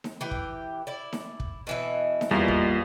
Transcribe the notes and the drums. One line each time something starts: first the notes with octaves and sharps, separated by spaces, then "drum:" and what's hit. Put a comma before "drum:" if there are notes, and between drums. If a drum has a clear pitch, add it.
drum: snare D#4
E3 G4
drum: kick
E4 D5
drum: snare D#4
drum: kick
B2 E3 E5
drum: snare D#4
E2 G3 A#3 F4
drum: kick